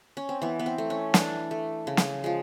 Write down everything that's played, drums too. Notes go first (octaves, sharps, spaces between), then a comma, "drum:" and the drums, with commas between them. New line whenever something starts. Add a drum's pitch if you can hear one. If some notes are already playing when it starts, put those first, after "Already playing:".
C#4
C4
E3 B3
B3
C4
A3
C#4
E3 D4, drum: snare
A3
C#3
drum: snare
F3 G#3